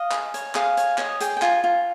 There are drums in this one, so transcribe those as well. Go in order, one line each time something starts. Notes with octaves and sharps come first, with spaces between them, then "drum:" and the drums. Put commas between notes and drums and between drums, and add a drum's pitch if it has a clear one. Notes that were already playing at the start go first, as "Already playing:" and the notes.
Already playing: D#5 F5
G#4, drum: clap
C#5, drum: hi-hat
G#4 F5, drum: clap
C#5, drum: hi-hat
C#5 D#5, drum: clap
G#4 G5, drum: hi-hat
G5
F4 G#5, drum: clap
F4